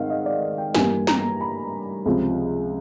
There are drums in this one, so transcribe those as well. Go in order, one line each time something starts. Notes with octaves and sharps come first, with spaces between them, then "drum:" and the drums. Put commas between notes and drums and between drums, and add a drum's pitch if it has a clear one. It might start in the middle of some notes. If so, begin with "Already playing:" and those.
Already playing: G#2 D#3 G#3 C4 F5 F#5
D#5
D5
G5
G2 E3 G3 A#3 G#5, drum: snare B3
A#5, drum: snare B3
B5
C#2 C3 F3